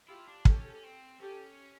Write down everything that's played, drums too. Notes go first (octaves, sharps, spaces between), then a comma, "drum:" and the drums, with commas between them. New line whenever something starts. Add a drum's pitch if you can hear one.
E4 F4 G4
D4
C#4 G4 A4, drum: kick
C#4
C4
C#4 G4 A4